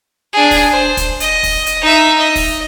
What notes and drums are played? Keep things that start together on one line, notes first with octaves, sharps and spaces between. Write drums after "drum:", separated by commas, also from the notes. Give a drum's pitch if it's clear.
D4 G#4
drum: kick, open hi-hat
C5
drum: kick, hi-hat
D#5, drum: hi-hat
drum: kick, open hi-hat
drum: hi-hat
D#4 E5
D#5
drum: kick, open hi-hat